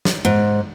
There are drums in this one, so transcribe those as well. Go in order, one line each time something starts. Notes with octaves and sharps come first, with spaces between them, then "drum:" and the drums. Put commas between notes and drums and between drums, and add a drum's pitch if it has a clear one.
drum: snare
G#2